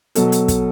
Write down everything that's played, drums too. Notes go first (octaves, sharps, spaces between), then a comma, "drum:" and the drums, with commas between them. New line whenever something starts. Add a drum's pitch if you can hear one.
B2 F#3 A4, drum: hi-hat
drum: hi-hat
drum: kick, hi-hat